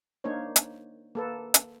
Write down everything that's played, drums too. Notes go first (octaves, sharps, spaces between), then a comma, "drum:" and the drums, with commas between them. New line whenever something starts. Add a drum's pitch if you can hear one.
A#3 D4 D#4 C5 C#5
drum: hi-hat
A#3 A4 B4
drum: hi-hat